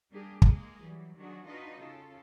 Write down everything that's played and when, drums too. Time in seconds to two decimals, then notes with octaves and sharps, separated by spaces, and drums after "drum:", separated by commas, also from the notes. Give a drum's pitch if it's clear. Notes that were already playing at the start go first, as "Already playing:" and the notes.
0.10 G3 A#3 D4 G4 G#4
0.42 G#3 A#3 G#4, drum: kick
0.81 E3 F#3 G3
1.16 D#3 F#3 D4 F#4 G#4
1.46 D4 D#4 F4 F#4 B4 D#5
1.80 C#3 F4 A4